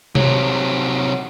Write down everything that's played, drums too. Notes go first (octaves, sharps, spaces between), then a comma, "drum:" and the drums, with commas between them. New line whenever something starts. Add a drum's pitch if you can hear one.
C3 F#3, drum: tom C3